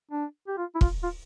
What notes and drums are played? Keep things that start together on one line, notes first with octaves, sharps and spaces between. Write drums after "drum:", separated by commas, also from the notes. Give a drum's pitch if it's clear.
D4
G4
F4
E4
F4, drum: kick
F4